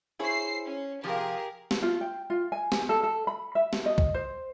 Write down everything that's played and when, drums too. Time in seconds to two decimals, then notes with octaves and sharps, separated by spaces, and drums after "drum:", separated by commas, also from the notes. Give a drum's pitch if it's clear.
0.19 E4 G#4 C5 C#5 C7
0.65 C#4
1.03 C3 F3 F4 G4 G#4 A#4
1.71 drum: snare
1.83 F4
2.01 G5
2.30 F4
2.52 G#5
2.72 drum: snare
2.89 A4
3.03 A4
3.27 B5
3.55 E5
3.73 drum: snare
3.86 D#5
3.98 drum: kick
4.14 C5